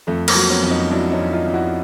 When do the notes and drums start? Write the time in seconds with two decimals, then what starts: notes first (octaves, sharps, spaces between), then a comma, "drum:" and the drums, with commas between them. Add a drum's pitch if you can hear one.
0.07 F2 A3
0.28 A#3 C4, drum: cymbal
0.35 F#3
0.49 B3 C#4
0.63 F2
0.70 C#4 D#4
0.91 F#3 D4 E4
1.12 C#4 D#4
1.19 F2
1.33 D#4 F4
1.46 F2
1.54 E4 F#4